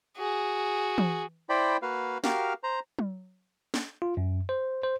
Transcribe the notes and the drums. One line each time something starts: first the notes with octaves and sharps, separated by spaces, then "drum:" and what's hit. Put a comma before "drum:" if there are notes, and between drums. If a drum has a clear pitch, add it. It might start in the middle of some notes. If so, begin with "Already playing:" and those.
F#4 G#4
drum: tom E3
E4 C5 D5 G5 B5
A#3 F#4 B4 F5
F#4 G4 A#4 F5 F6, drum: snare
C5 A#5
drum: tom F#3
drum: snare
F4
F#2
C5
C5